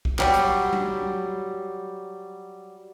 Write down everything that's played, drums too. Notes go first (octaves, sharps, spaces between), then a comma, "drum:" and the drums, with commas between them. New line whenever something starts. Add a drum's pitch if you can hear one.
drum: kick
F#3 G3, drum: clap
drum: hi-hat
drum: tom F#3